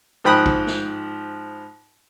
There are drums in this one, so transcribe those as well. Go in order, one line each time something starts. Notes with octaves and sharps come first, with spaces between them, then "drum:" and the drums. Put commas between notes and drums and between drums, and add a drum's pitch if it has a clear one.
G#2 F3 G5 B5 D#6 F#6
drum: kick A1
drum: snare